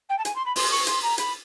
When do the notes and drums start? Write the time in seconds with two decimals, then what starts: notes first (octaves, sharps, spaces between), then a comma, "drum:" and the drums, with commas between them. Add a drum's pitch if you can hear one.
0.09 G5
0.18 A5
0.25 G#5, drum: hi-hat
0.35 C6
0.45 B5
0.56 C6, drum: open hi-hat
0.71 C#6
0.87 C6, drum: hi-hat
1.02 A#5
1.18 B5, drum: hi-hat